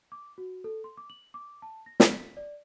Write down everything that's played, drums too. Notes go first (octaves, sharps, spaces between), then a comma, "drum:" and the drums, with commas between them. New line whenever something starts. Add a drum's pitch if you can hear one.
D6
F#4
A4
C6
D6
F#7
D6
A5
A#6
B6, drum: snare
D5